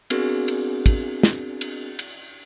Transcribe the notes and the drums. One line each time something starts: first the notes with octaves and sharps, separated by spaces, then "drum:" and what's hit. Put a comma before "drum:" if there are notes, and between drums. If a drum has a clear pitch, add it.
B3 C4 D4 F#4 G#4 A#4, drum: cymbal
drum: cymbal
drum: kick, cymbal
drum: snare
drum: cymbal
drum: cymbal